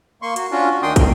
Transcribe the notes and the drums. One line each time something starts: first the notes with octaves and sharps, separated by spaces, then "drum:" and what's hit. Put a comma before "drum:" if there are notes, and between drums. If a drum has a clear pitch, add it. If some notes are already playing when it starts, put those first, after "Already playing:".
A#3 C6 C#6
F#4, drum: hi-hat
C#4 D4 F4 F#4
F#4
D2 D#3 D4 G5 C6 D#6
D#3, drum: kick, hi-hat